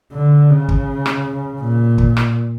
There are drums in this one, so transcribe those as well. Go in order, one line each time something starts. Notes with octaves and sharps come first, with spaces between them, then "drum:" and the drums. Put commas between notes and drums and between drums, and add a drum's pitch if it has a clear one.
D3
C#3
drum: kick
drum: rim click
A#2
drum: kick
drum: rim click